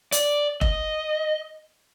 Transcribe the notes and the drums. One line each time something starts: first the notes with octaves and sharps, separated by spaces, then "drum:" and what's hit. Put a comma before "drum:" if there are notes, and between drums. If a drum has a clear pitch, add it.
D5, drum: hi-hat
D#5, drum: kick F1